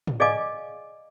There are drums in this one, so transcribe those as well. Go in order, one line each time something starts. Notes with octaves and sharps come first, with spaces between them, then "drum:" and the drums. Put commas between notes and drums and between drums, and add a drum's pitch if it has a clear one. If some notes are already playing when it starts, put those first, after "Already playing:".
drum: tom
G#4 D5 D#5 F5 G#5 D6